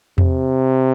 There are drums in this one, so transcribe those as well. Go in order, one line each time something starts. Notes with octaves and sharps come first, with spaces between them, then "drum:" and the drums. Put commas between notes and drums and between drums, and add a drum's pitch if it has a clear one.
C3, drum: tom E2